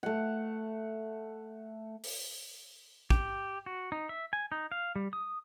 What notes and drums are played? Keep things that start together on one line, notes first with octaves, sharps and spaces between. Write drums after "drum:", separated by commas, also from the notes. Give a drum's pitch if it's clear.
A3 F#5
drum: open hi-hat
G4, drum: kick
F#4
D#4
E5
G#5
D#4
F5
G3
D#6